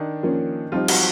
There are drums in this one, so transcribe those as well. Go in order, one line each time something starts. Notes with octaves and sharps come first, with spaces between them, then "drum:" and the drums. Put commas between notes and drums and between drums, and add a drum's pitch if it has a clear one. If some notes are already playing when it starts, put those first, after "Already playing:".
Already playing: D#3 D4 D#4
F3 A#3 C#4 F4
F3 G3 C4 D#4 F4 G4
F#3 F#4, drum: cymbal